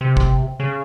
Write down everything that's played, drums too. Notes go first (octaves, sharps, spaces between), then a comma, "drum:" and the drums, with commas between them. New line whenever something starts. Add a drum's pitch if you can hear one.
C3
drum: kick
C#3